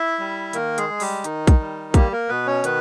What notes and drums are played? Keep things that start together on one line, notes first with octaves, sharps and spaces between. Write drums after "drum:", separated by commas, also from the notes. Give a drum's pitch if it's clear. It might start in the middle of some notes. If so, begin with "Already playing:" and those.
Already playing: E4 E5
G3
D#3 A#3 A#4, drum: hi-hat
G#3 G#4, drum: hi-hat
G#3
G3 G4, drum: open hi-hat
D#3 D#4, drum: hi-hat
drum: kick, hi-hat
G3
G3 A#3 G4, drum: kick, hi-hat
A#3 A#4
B2 B3 B4
C#4 C#5
D#3 B3 B4, drum: hi-hat